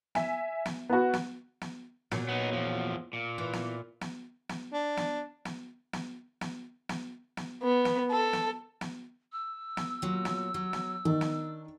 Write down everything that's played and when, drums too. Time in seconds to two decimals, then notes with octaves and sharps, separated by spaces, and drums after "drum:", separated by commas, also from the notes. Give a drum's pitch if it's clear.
0.15 E5 G#5, drum: snare
0.66 drum: snare
0.89 B3 F#4
1.13 drum: snare
1.61 drum: snare
2.11 A#2 F#3, drum: snare
2.29 B3 D#4
2.53 E2 F3
3.13 A#2
3.38 E3
3.53 drum: snare
4.01 drum: snare
4.49 drum: snare
4.73 D4
4.97 drum: snare
5.45 drum: snare
5.93 drum: snare
6.41 drum: snare
6.89 drum: snare
7.37 drum: snare
7.63 B3
7.85 drum: snare
8.12 A4
8.33 drum: snare
8.81 drum: snare
9.33 E6
9.77 drum: snare
10.02 A#2 F#3
10.25 drum: snare
10.54 F#3
10.73 drum: snare
11.05 D#3 D4 D#4
11.21 drum: snare